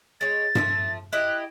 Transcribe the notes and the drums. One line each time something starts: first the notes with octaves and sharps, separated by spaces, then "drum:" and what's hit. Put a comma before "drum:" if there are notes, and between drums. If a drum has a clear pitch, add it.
G#3 C#5 A6
F3 A3 E5, drum: tom G2
E4 G4 D#5 F#6